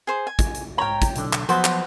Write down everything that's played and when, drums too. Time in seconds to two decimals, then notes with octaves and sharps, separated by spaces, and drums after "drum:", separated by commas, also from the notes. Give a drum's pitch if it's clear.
0.07 G#4 C5
0.27 G#5
0.39 drum: kick, hi-hat
0.54 drum: hi-hat
0.78 G#2 C#5 G5 A#5
1.02 drum: kick, hi-hat
1.15 B1 D3, drum: hi-hat
1.33 drum: clap
1.49 F3 F#3 B3 F#4 B4 C5, drum: hi-hat
1.64 drum: clap